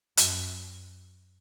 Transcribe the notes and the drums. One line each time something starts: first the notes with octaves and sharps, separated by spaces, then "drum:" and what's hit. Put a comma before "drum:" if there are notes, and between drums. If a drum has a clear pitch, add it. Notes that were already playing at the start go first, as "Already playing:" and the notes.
F#2, drum: hi-hat